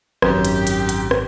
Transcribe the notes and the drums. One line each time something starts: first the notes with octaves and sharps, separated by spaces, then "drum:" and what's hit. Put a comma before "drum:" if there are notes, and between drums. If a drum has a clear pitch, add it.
G#1 F#2 G4, drum: rim click
drum: hi-hat
drum: hi-hat
drum: hi-hat
drum: rim click